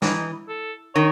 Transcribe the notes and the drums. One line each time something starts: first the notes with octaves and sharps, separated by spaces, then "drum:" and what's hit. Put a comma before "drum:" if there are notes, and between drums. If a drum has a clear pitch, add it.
E3 D#4, drum: snare
A4
D#3 C#5